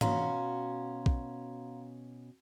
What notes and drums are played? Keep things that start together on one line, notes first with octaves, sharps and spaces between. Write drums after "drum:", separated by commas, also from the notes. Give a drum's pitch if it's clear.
B2 C#4 F#4 F5 A#5 C6, drum: tom
drum: kick A#1